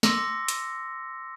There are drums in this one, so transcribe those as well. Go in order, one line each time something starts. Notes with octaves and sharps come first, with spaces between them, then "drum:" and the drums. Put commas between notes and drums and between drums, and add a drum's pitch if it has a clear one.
C6 D6 E6 A#6 C#7, drum: snare
drum: hi-hat